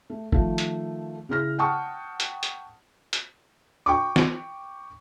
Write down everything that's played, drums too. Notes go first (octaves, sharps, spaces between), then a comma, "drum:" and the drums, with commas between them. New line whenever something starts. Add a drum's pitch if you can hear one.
A3
D#3 F3 A3, drum: kick
drum: hi-hat
C#3 E4 F6 A#6
F#5 G5 A5 C#6 D#6
drum: hi-hat
drum: hi-hat
drum: hi-hat
G5 C#6 D6
drum: snare